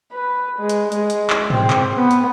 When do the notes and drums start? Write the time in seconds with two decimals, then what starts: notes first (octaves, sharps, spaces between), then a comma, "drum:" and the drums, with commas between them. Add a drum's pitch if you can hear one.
0.12 B4
0.59 G#3
0.69 drum: hi-hat
0.92 G#3, drum: hi-hat
1.10 drum: hi-hat
1.30 drum: clap
1.50 C4, drum: tom
1.70 drum: clap
1.96 B3
2.11 drum: hi-hat